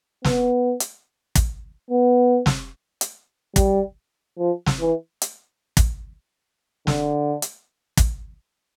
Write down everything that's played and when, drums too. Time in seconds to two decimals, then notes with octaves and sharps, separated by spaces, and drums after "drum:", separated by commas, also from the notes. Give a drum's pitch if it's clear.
0.24 B3, drum: snare
0.80 drum: hi-hat
1.35 drum: kick, hi-hat
1.91 B3
2.46 drum: snare
3.01 drum: hi-hat
3.56 G3, drum: kick, hi-hat
4.38 F3
4.66 drum: snare
4.81 E3
5.22 drum: hi-hat
5.77 drum: kick, hi-hat
6.87 D3, drum: snare
7.42 drum: hi-hat
7.97 drum: kick, hi-hat